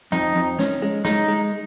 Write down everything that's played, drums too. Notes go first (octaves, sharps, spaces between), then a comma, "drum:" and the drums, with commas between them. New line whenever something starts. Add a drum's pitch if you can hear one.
F2 D#4, drum: hi-hat
F2
C#4, drum: snare
G#3
G#3 D#4, drum: snare
G#3